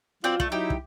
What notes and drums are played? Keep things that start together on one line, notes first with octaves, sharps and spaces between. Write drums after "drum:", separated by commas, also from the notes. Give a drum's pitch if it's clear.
F#3 C4 F4 D5
A3, drum: kick
F#3 D#4 E4 G4
drum: kick